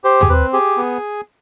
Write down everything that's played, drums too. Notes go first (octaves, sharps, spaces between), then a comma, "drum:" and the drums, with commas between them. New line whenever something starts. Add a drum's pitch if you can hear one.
G4 C5
G#4, drum: tom
C4 B4
G4 G#4
B3